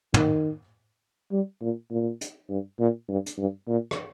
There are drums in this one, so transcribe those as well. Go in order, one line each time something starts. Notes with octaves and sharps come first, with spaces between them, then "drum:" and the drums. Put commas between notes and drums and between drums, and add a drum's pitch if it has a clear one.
D#3, drum: tom
G3
A#2
A#2
drum: hi-hat
G2
A#2
G2
drum: hi-hat
G2
A#2
drum: rim click